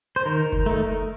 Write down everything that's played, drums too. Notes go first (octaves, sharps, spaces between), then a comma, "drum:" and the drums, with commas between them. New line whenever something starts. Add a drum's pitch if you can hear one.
C5
D#3 A#4
drum: kick F#1
A3 D#4